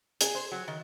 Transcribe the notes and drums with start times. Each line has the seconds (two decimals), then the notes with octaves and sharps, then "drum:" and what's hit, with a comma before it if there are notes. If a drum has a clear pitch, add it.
0.21 G#4, drum: hi-hat
0.35 C5
0.52 F#3
0.68 D#3